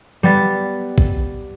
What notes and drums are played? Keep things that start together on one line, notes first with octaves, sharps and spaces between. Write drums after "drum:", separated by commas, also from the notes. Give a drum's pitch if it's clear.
G3 B3 A6
drum: kick A#1